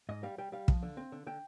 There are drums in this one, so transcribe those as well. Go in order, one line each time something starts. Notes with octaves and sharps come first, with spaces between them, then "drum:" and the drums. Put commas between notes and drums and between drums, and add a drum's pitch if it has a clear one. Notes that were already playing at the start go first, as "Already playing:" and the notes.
G#2 D#5
G3 F5
G3 G5
G3 F5
F3, drum: kick
D3
C4
D3
D3 G5